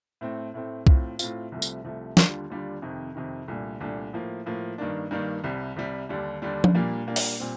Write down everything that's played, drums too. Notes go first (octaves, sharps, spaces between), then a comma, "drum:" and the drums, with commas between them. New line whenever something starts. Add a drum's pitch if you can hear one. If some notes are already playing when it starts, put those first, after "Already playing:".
A2 A3 C4
A2 A3 C4
A2 A3 C4 F4, drum: kick
A2 A3 C4 F4, drum: tambourine
C2 C3 F3 A3
drum: tambourine
C2 C3 F3 A3
D#2 D3 G3 D4 F4, drum: snare
D#2 D3 G3 D4 F4
F2 C3 D#3
F2 C3 D#3
C2 A#2 A3 D4
C2 A#2 A3 D4
A2 F3 A#3
A2 F3 A#3
G2 D#3 A#3 D4
G2 D#3 A#3 D4
C2 C3 G3
C2 C3 G3
D#2 D3 G3 D4
D#2 D3 G3 D4
drum: tom F3
A#2 G3 A#3 D4
A#2 G3 A#3 D4
drum: open hi-hat
A#2 G3 C4